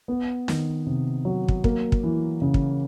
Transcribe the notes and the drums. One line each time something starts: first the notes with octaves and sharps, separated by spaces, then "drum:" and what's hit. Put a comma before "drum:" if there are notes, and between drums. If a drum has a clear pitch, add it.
B3
D#3, drum: snare
C3
F#3
drum: kick
A#3, drum: kick
drum: kick
E3
C#3
drum: kick